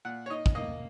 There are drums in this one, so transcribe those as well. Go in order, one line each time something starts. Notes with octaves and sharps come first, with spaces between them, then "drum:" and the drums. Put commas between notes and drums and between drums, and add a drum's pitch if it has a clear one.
A#2 F#5
C#5
D#4 D#5
drum: kick
A#3 D#5